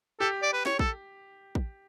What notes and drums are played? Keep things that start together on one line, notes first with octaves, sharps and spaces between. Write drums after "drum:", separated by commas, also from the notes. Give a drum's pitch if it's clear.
G4 A4
D5
B4
C#5, drum: snare
A4, drum: kick
drum: kick